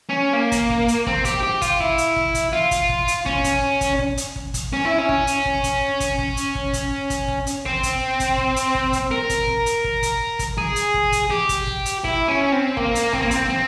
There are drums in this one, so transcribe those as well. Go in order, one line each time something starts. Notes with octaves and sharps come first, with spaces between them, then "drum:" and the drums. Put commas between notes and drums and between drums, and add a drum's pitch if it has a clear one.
C#4
A#3
drum: kick, hi-hat
drum: kick
drum: hi-hat
C4, drum: kick
G4, drum: kick, hi-hat
G4
F4, drum: kick, hi-hat
E4, drum: kick
drum: hi-hat
drum: kick
drum: kick, hi-hat
F4
drum: kick, hi-hat
drum: kick
drum: hi-hat
C#4, drum: kick
drum: kick, hi-hat
drum: kick, hi-hat
drum: kick
drum: hi-hat
drum: kick
drum: kick, hi-hat
C#4
E4
C#4
drum: kick
drum: hi-hat
drum: kick
drum: kick, hi-hat
drum: kick, hi-hat
drum: kick
drum: hi-hat
drum: kick
drum: kick, hi-hat
drum: kick, hi-hat
drum: kick
drum: hi-hat
C4, drum: kick
drum: kick, hi-hat
drum: kick, hi-hat
drum: kick
drum: hi-hat
drum: kick
drum: kick, hi-hat
A#4
drum: kick, hi-hat
drum: kick
drum: hi-hat
drum: kick
drum: kick, hi-hat
drum: kick, hi-hat
G#4, drum: kick
drum: hi-hat
drum: kick
drum: kick, hi-hat
G4
drum: kick, hi-hat
drum: kick
drum: hi-hat
E4, drum: kick
C#4
C4
A#3, drum: kick
drum: hi-hat
C4, drum: kick
A#3
C4, drum: kick, hi-hat
C4